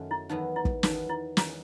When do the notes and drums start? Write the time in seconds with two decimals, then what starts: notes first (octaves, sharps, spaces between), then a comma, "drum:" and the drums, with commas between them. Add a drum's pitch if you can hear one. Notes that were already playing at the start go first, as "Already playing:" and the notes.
Already playing: F#2 D#3 F#3 A3
0.11 E4
0.29 E2 D#3 F#3 B3 D#4
0.56 E4
0.65 drum: kick
0.83 E2 D#3 F#3 B3 D#4, drum: snare
1.09 E4
1.37 E2 D#3 G#3 D#4 E4, drum: snare